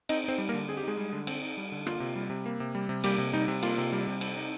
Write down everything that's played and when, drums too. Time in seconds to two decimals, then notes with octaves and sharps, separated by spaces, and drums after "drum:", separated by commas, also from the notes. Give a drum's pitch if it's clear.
0.09 C4 D#4 D#5, drum: cymbal
0.24 C4 D#4 C5
0.38 G3
0.49 A#3 A#4
0.53 D3
0.68 C4 G#4
0.77 G4
0.83 G#3 D#4 G#4
0.97 G3
1.13 D3
1.27 C4, drum: cymbal
1.42 D#4
1.57 G3
1.72 D3
1.87 A#3 F4, drum: rim click
2.00 C3
2.15 G3
2.30 C3
2.46 A#3
2.60 C3
2.75 G3
2.89 C3
3.04 G3 A#3 G4, drum: cymbal
3.18 C3
3.33 G3 D#4
3.48 C3
3.63 A#3 F4, drum: cymbal
3.78 C3
3.93 G3
4.07 C3
4.21 C4, drum: cymbal
4.36 D#4